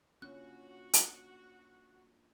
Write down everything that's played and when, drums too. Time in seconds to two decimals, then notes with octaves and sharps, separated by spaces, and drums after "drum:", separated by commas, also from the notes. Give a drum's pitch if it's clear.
0.22 A#3 C#4 D4 F4 F#4 F#6
0.93 drum: hi-hat